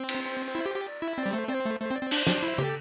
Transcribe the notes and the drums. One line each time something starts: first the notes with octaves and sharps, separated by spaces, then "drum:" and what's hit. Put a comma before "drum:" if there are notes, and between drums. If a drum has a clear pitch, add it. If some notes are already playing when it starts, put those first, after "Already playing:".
Already playing: C4
C5, drum: cymbal
E4
G4
G4
D5
E4 E5
C4 D5
G3
A3 C5
C4 C5 D5
A3
A3 C5
C4
D5
C4
D4 C5, drum: cymbal
D4, drum: snare
E4
G4 A4, drum: tom